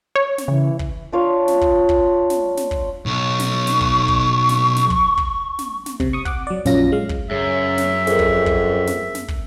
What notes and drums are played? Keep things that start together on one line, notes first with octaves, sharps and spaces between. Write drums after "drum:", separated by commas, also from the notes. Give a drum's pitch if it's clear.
C#5
drum: snare
C#3 E3
drum: kick
D4 F4 C#5
drum: snare
drum: kick
drum: kick
drum: snare
drum: snare
drum: kick
B1 C#6
drum: snare
drum: snare
drum: kick
drum: kick
drum: snare
drum: snare
drum: kick
drum: kick
drum: snare
drum: snare
C3, drum: kick
C#6 D#6
F#5 D6, drum: kick
F#3 D5
A#1 F#2 C#4 F4 A#6, drum: snare
G#3 F5
drum: kick
F#2 C#3 E5
drum: snare
F2 G#4 A#4, drum: snare
drum: kick
drum: kick
drum: snare
drum: snare
drum: kick